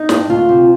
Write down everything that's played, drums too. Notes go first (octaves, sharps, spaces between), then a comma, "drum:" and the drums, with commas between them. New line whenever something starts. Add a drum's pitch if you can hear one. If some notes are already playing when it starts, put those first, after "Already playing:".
Already playing: D#4
G2, drum: snare
D2 F4
C3